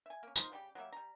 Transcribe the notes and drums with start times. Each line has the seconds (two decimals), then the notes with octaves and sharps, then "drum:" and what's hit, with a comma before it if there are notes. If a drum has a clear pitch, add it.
0.06 E5 G#5
0.23 A#3 C#4
0.36 A#3 D#4 F4 C5, drum: tambourine
0.52 C#3 G3 D#4 G4
0.75 F#3 G3 A#3 E5
0.92 G3 A#5